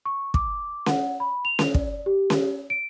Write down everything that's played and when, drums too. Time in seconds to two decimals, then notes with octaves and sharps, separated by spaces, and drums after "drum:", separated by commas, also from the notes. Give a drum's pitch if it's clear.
0.05 C#6
0.34 D6, drum: kick
0.86 F#5, drum: snare C#4
1.20 B5
1.45 F7
1.59 drum: snare C#4
1.74 D5, drum: kick
2.06 G4
2.30 drum: snare C#4
2.70 D7